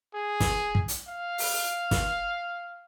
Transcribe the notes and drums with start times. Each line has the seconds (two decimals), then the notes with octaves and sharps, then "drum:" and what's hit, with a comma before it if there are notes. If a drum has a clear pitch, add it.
0.14 G#4
0.40 drum: snare
0.75 drum: kick
0.88 drum: hi-hat
1.08 F5
1.38 drum: open hi-hat
1.91 drum: snare